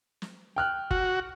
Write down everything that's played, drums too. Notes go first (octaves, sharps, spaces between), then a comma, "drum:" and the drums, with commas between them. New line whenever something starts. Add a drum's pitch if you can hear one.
drum: snare
G5 F6 F#6
F#4, drum: kick G1